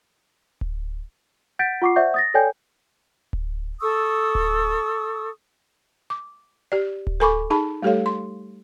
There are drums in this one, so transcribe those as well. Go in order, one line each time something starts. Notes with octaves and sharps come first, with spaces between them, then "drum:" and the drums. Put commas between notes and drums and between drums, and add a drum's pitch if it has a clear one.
drum: kick D1
F#5 G6 A6 B6 D7
F4 F#5 C#6 D6 C7
C5 D5 E5 F#5 C#6 G6
D#6 A6 A#6
A4 C#5 D5 G5 G#5 G6
drum: kick D1
A4 C#6 D#6 E6
drum: kick D1
D6
G4 D5
drum: kick D1
A4 A#4 G#5 B5 C#6 D6
D#4 G#4 A5 B5
G3 A3 G4 A4 C#5 F5
C6